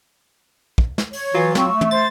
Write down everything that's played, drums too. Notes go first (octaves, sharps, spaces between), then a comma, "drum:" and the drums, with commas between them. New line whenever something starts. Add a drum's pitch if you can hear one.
drum: kick
drum: snare
C#5, drum: open hi-hat
E3 F#3 F4
C4 C#6 E6, drum: snare
A3
drum: tom
C5 A6